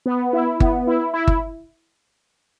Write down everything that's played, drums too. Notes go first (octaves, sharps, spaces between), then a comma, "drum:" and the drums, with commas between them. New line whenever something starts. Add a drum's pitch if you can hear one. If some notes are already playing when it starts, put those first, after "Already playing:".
B3
E4
B3, drum: kick G1
E4
E4
drum: kick G1